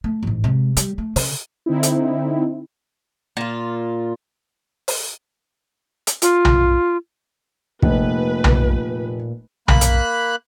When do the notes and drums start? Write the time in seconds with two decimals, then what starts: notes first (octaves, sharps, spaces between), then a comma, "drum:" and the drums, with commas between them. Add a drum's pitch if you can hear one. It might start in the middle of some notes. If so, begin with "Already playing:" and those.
0.04 A3
0.23 A1 G#2
0.44 C3 G#3
0.77 G3, drum: hi-hat
0.98 A3
1.16 C#3, drum: open hi-hat
1.66 D3 C4 D#4 E4
1.83 drum: hi-hat
3.37 A#2 F4
4.88 drum: open hi-hat
6.07 drum: hi-hat
6.22 F4, drum: hi-hat
6.45 drum: tom B1
7.82 F1 A#2 B4, drum: kick
8.44 drum: tom B1
9.68 A#3 B5 F#6, drum: tom B1
9.81 drum: hi-hat